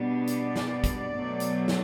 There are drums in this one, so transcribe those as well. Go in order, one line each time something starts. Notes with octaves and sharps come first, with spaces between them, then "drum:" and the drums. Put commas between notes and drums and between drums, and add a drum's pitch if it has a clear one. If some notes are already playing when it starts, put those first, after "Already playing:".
Already playing: B2 G3 B3 D4
D5, drum: hi-hat
drum: snare
drum: kick, hi-hat
B2 F#3 A3
drum: hi-hat
drum: snare